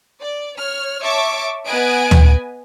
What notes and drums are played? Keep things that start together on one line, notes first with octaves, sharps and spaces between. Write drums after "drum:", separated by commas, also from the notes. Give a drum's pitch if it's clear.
D5
C#5 F6
C#5 E5 A5 C#6 D6
B3 B4 D#5 F#5 G#5 D7
drum: tom